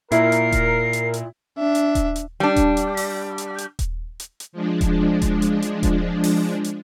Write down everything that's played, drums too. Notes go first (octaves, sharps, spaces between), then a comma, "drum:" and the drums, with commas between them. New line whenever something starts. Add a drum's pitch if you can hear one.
A#2 E4 A#4 C7, drum: hi-hat
drum: hi-hat
drum: kick D#1, hi-hat
drum: hi-hat
drum: hi-hat
D4 E5
drum: hi-hat
drum: kick D#1, hi-hat
drum: hi-hat
G3 D4
drum: kick D#1, hi-hat
drum: hi-hat
drum: open hi-hat
drum: hi-hat
drum: hi-hat
drum: kick D#1, hi-hat
drum: hi-hat
drum: hi-hat
F3 G#3 D4
drum: kick D#1, hi-hat
drum: kick D#1, hi-hat
drum: hi-hat
drum: hi-hat
drum: kick D#1, hi-hat
drum: open hi-hat
drum: hi-hat